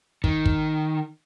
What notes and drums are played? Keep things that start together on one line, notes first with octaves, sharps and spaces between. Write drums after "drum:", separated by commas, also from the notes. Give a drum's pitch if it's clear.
D#3, drum: kick
drum: kick